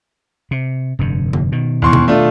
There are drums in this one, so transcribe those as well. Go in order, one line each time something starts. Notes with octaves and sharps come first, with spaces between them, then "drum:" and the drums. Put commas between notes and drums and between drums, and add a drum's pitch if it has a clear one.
C3
F1 G2 D3
drum: tom D3
B2 D#3
E2 C6 C#6
drum: tom B2
A3 D4 F4